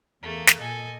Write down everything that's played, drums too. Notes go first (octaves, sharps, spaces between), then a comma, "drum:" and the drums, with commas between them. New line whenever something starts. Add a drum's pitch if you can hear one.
E2 A3 A#3 G#4 A4
drum: snare
A#2 A4 D#5 G#5